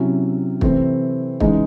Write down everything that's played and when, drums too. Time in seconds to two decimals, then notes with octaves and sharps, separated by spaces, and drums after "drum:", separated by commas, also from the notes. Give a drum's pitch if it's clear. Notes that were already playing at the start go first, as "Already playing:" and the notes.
Already playing: C3 F#3 C#4 E4
0.61 C3 E3 A3 C4, drum: kick
1.40 C#3 E3 G#3 D#4, drum: kick